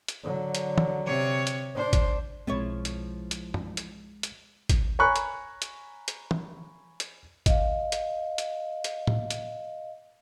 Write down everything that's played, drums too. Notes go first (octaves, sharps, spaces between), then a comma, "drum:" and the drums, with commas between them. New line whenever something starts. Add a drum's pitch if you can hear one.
drum: hi-hat
D3 F#3
drum: hi-hat
drum: tom
C3 C#5 C#6
drum: hi-hat
D4 C5
drum: kick G#1, hi-hat
B1 F3 G#3 C4 E4 C#5
drum: hi-hat
drum: hi-hat
drum: tom
drum: hi-hat
drum: hi-hat
drum: kick G#1, hi-hat
C#5 G#5 A#5 B5 C#6 F#6
drum: hi-hat
drum: hi-hat
drum: hi-hat
drum: tom
drum: hi-hat
D#5 F5, drum: kick G#1, hi-hat
drum: hi-hat
drum: hi-hat
drum: hi-hat
drum: tom A2
drum: hi-hat